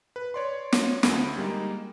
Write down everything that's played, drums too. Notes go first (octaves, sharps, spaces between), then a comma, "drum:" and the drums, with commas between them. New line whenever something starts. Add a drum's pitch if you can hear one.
B4
C#5 D5 C6
drum: snare
D2 G#4 B5, drum: snare
G3 G#3 A#3 D#4